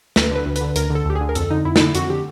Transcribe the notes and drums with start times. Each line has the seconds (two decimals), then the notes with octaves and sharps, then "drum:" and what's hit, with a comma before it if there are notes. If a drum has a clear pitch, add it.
0.16 D2 B4, drum: snare
0.31 D3 B4
0.46 D2
0.56 B4, drum: hi-hat
0.61 D3
0.76 D2 A#4, drum: hi-hat
0.90 D3 A4
1.05 D2 G4
1.15 G#4
1.21 D3
1.29 A#4
1.35 F2 A4, drum: hi-hat
1.50 D3 D#4
1.65 F2 E4
1.76 D#4, drum: snare
1.80 D3 E4
1.95 F2 F#4, drum: hi-hat
2.10 D3 G4